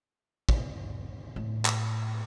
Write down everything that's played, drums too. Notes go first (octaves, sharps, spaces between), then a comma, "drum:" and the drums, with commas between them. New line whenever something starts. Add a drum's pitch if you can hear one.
drum: kick
A2
drum: clap